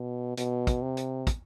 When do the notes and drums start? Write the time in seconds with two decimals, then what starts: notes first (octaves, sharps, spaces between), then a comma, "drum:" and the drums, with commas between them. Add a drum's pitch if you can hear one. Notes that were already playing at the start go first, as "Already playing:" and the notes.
Already playing: B2
0.37 B2, drum: hi-hat
0.67 drum: kick, hi-hat
0.82 C3
0.97 drum: hi-hat
1.27 drum: kick, hi-hat